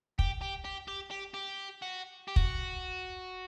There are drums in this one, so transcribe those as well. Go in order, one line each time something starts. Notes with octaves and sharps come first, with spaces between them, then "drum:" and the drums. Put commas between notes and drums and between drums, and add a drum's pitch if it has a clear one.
G4, drum: kick
G4
G4
G4
G4
G4
F#4
G4
F#4, drum: kick